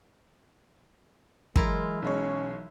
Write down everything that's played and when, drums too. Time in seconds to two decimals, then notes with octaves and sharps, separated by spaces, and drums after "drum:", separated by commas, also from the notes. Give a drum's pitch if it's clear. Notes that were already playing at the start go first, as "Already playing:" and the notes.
1.56 E3 F#3 G#3 E4 F4 A#4, drum: kick
2.02 B1 G#3 C#4 C#5